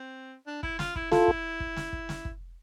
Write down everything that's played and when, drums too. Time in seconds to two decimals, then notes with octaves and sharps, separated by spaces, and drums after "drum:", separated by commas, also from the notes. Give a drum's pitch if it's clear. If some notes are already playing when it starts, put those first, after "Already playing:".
Already playing: C4
0.47 D4
0.63 E4, drum: kick
0.79 F4, drum: snare
0.96 E4, drum: kick
1.12 E4 F4 A4, drum: snare
1.28 drum: kick
1.60 drum: kick
1.76 drum: snare
1.93 drum: kick
2.09 drum: snare
2.25 drum: kick